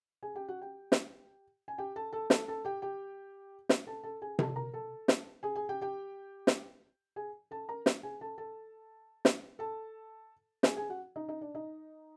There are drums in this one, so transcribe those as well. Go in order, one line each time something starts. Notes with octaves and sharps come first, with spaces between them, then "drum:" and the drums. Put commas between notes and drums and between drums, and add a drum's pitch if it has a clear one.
G#4 G#5
G4 G5
F#4 F#5
G4 G5
drum: snare
G#5
G4 G5
A4 A5
A4 A5
A4 A5, drum: snare
A4 A5
G4 G5
G4 G5
drum: snare
A4 A5
A4 A5
G#4 G#5
A4 A5, drum: tom C3
A#4 A#5
A4 A5
drum: snare
G#4 G#5
G#4 G#5
G4 G5
G4 G5
drum: snare
G#4 G#5
A4 A5
A#4 A#5
drum: snare
G#4 G#5
A4 A5
A4 A5
drum: snare
A4 A5
G#4 G#5, drum: snare
G#4 G#5
F#4 F#5
D#4 D#5
D#4 D#5
D4 D5
D#4 D#5